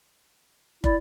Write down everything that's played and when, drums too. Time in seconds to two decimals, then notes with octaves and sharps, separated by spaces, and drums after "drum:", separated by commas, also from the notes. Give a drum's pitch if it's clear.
0.84 E4 D5, drum: kick